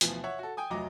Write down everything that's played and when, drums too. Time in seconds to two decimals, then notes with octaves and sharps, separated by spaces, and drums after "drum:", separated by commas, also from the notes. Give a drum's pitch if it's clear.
0.01 D2 B2 E3 F3, drum: hi-hat
0.24 C#5 E5 F#5
0.39 F#4 A4
0.57 G5 G#5 D#6
0.70 F1 D2 F#3 D#5 A#5 D6